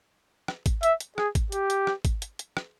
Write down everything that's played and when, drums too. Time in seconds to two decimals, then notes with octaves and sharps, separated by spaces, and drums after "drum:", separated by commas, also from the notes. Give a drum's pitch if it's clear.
0.48 drum: rim click
0.66 drum: kick, hi-hat
0.83 E5, drum: hi-hat
1.00 drum: hi-hat
1.18 G#4, drum: rim click
1.35 drum: kick, hi-hat
1.52 G4, drum: hi-hat
1.70 drum: hi-hat
1.87 drum: rim click
2.05 drum: kick, hi-hat
2.22 drum: hi-hat
2.39 drum: hi-hat
2.57 drum: rim click